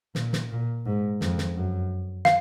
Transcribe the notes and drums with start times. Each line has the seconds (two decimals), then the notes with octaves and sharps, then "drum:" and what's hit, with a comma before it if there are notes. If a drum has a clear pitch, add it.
0.15 A#2, drum: snare
0.33 drum: snare
0.51 A#2
0.85 G#2
1.21 F2, drum: snare
1.38 drum: snare
1.55 F#2
2.25 F5, drum: snare